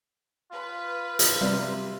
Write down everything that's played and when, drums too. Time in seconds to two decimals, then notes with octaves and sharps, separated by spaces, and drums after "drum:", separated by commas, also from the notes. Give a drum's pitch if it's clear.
0.51 F4 B4
1.19 drum: hi-hat
1.41 C3 G3